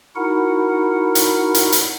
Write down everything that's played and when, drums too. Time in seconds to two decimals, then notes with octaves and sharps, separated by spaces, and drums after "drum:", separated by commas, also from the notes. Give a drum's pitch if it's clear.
0.16 D#4 E4 F#4 A#4 F#5
1.15 drum: hi-hat
1.55 drum: hi-hat
1.72 drum: hi-hat